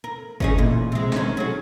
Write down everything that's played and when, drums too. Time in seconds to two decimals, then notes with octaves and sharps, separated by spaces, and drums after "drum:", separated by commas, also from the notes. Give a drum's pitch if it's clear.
0.04 A#4
0.40 C#4 D#4 G#4, drum: kick
0.58 E2 A#2
0.92 C3 G#3
1.12 D#3 C#4, drum: snare
1.37 F#3 G#4